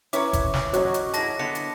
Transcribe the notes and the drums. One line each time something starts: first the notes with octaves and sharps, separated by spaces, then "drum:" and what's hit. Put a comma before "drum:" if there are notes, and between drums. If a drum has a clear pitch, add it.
C#4 E4 B4 C#5 A#5 D6, drum: hi-hat
drum: kick F#1, hi-hat
drum: snare
F#2 F#3 F#4 C#5 D#5, drum: hi-hat
drum: hi-hat
E4 G#4 A5 A#6, drum: hi-hat
D3 B3 C#7
drum: hi-hat